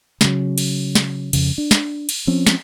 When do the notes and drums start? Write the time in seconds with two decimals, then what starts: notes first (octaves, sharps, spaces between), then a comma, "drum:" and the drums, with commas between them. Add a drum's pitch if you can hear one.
0.21 C#3 F#3, drum: snare
0.58 drum: cymbal
0.95 drum: snare
1.33 F2 C#3, drum: cymbal
1.58 D4
1.71 drum: snare
2.09 drum: cymbal
2.27 F3 C4 C#4
2.47 drum: snare